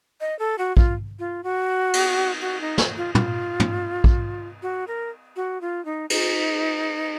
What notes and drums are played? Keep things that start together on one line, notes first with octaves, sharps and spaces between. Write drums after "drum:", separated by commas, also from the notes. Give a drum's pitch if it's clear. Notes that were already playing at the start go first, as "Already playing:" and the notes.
D#5
A4
F#4
F4, drum: kick
F4
F#4
drum: cymbal
F#4
D#4
drum: snare
F4
F4, drum: tom
drum: tom
drum: kick
F#4
A#4
F#4
F4
D#4
D#4, drum: cymbal